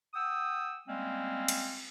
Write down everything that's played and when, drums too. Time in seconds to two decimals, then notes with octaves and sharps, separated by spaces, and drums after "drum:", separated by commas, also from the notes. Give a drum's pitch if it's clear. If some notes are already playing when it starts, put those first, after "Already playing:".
0.14 F#5 G5 D#6 E6
0.88 G3 G#3 A#3 C4 C#4
1.48 drum: cymbal